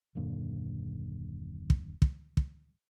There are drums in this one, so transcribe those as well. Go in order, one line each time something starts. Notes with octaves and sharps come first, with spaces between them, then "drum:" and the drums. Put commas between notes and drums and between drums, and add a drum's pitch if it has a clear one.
D#1 F#2 A#2 D3
drum: kick
drum: kick
drum: kick